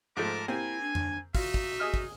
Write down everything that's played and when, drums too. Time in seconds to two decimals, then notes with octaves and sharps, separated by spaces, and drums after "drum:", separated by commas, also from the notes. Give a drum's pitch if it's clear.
0.17 G#2 F3 A3 A#4 A5 D6
0.48 A#3 C4 E4 G4 G#5
0.81 D4
0.95 drum: tom F2
1.35 D#4 F4 F#4 E5, drum: kick, open hi-hat
1.54 drum: kick
1.80 G#4 D#5 F6
1.94 drum: kick